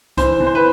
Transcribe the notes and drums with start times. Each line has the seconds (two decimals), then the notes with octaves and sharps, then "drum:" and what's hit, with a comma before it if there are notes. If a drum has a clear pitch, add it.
0.17 E3 C5, drum: kick C2, hi-hat
0.40 E3
0.47 C5
0.55 B4